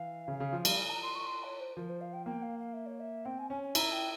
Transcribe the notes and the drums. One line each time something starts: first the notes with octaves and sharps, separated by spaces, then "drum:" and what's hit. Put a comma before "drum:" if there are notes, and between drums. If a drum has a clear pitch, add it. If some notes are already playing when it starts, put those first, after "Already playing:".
Already playing: E3 F5
C#3
C#3
F3
G3, drum: cymbal
G#5
A#5
C6
C#6
C6
C#5
C5
F3 A#4
C5
F5
G5
A#3 G5
F5
F5
E5
C#5
E5
C4 G5
G#5
C#4 G#5
G#5
E4 A#5, drum: cymbal
G5